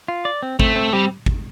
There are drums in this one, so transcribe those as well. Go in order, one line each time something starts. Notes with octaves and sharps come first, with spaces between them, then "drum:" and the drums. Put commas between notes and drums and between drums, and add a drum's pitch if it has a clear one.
F4
D5
C4
A3 C4, drum: kick G#1
C4
G3 C4
drum: kick G#1